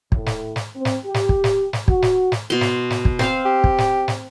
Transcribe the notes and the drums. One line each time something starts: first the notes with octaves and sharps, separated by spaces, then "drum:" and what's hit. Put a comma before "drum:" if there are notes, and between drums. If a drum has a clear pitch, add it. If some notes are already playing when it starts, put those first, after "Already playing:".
A2, drum: kick
drum: snare
drum: snare
C4
drum: snare
G4
drum: snare
drum: kick
drum: snare
drum: snare
F#4, drum: kick
drum: snare
drum: snare
B2 C6
drum: snare
drum: snare
drum: kick
C4 C5 F5, drum: snare
G4
drum: kick
drum: snare
drum: snare